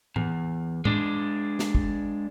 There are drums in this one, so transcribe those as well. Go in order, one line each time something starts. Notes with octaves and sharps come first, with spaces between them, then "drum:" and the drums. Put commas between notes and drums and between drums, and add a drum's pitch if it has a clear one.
E2, drum: tom A2
G#3 D4, drum: tom A2
drum: snare
drum: kick